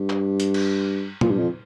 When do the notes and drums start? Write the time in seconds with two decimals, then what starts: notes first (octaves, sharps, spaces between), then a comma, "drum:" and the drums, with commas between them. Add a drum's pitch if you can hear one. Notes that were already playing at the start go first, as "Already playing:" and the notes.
Already playing: G2
0.10 drum: clap
0.40 drum: hi-hat
0.54 drum: cymbal
1.21 A#2, drum: tom
1.30 G2
1.39 F2